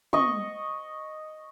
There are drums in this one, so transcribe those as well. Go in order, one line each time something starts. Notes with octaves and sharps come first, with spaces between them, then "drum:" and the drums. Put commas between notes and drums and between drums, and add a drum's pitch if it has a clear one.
D#5 C#6, drum: tom